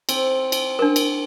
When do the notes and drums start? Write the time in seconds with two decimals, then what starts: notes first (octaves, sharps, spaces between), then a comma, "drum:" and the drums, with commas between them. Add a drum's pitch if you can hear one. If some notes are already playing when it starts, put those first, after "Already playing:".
0.09 C4, drum: cymbal
0.52 drum: cymbal
0.79 D4 A#4
0.96 drum: cymbal